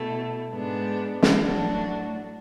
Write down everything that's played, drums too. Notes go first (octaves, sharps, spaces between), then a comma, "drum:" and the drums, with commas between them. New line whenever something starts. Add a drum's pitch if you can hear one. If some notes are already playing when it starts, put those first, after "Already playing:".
Already playing: B2 A3 E4
G#2 G#3 B3 D4
drum: snare
A2 F#3 A3 D4 F#4